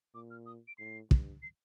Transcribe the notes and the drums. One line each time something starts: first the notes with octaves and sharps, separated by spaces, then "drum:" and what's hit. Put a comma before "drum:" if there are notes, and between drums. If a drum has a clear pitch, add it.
A#2 D6
F6
D#6
D7
A2 C7
G2, drum: kick
C7